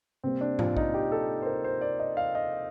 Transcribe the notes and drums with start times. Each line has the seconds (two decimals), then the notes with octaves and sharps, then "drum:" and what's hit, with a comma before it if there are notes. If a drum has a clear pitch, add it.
0.24 C3 G3 A#3 C4
0.41 D4
0.59 F4, drum: tom G#2
0.77 D#4, drum: kick A#1
0.94 G4
1.12 A4
1.42 C5
1.46 A#4
1.64 C5
1.81 D5
2.00 D#5
2.17 F5
2.35 D#5